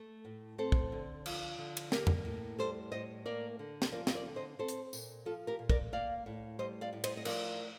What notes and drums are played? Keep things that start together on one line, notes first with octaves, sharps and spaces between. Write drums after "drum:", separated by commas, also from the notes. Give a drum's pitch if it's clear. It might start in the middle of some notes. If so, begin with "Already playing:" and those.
Already playing: A3
A2
C4 A4 C5
drum: kick
D3
F3, drum: cymbal
D3
drum: cymbal
A#3 G4 A#4, drum: snare
drum: tom E2
A2
G3 A4 C5
A2 C5 D#5
A#3 A#4 D5
D3
drum: snare
F3 A#4 D5
D#5, drum: snare
A#4 D5
D3
C5 D#5
C4 A4 C5
drum: hi-hat
A#2, drum: tambourine
F3 F4 A4
G4 A#4
A#2
A#4 D5, drum: kick
A#3 D5 F5
A2
G3 C5 D#5
D5 F5
A2
C5 D#5, drum: cymbal
D#5
F3 A#4 D5, drum: cymbal